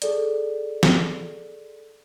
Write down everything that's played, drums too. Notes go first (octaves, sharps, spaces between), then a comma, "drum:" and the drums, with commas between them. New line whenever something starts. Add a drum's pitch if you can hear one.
G#4 A4 D5, drum: hi-hat
drum: snare